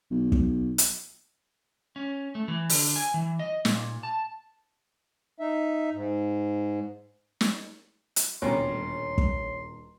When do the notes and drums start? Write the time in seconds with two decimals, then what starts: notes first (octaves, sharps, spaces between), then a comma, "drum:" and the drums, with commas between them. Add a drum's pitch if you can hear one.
0.11 B1
0.32 drum: kick
0.78 drum: hi-hat
1.96 C#4
2.35 A3
2.48 E3
2.70 D3, drum: open hi-hat
2.96 G#5
3.14 E3
3.39 D#5
3.65 A#2, drum: snare
4.03 A5
5.39 D#4 E5
5.93 G#2
7.41 drum: snare
8.16 drum: hi-hat
8.42 D#1 D2 B2 G3 C#4 C#5 A#5 C6
9.18 drum: kick